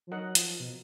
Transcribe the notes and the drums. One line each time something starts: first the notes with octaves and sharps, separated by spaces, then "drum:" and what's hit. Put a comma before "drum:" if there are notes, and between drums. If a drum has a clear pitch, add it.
F3
F#3 D#4 A#4 D#5 F#5
F3, drum: hi-hat
B2